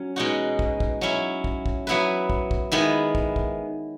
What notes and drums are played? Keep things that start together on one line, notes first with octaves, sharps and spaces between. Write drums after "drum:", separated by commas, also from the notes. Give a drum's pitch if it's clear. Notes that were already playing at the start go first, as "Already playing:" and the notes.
Already playing: F#3 C#4
B2 G#3 D#4 F#4
drum: kick
drum: kick
F#3 C#4 E4
drum: kick
drum: kick
F#3 B3 E4 B4
drum: kick
drum: kick
D#3 G#3 B3 E4
drum: kick
drum: kick